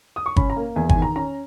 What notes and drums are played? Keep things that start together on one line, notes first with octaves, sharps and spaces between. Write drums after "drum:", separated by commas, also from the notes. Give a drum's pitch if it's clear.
D#6
C#6
C#4 B5, drum: kick G1
A#5
A#3
E2 G#5
G#5, drum: kick G1
D#3
A#5
C#4 A#5